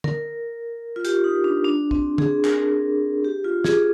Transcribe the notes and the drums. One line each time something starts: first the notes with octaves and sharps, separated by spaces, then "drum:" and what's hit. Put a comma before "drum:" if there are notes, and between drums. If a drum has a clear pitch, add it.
A#4, drum: tom
F4
G4, drum: hi-hat
D#4
D4
D4
C4, drum: kick
G#4, drum: tom
A#4, drum: clap
G4
F4
G#4, drum: snare